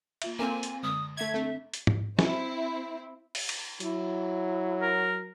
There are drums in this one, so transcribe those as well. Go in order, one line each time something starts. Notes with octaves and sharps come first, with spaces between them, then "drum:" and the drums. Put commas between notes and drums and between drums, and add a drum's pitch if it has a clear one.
A#3 F4 E5, drum: cymbal
A#3 C4 A4 E5 G#5
drum: hi-hat
F#2 D3 G#3 D#6
A3 E5 G#6
A3 C4 D4
drum: hi-hat
drum: tom
C4 E4, drum: snare
drum: open hi-hat
drum: cymbal
F#3 E4, drum: hi-hat
A#4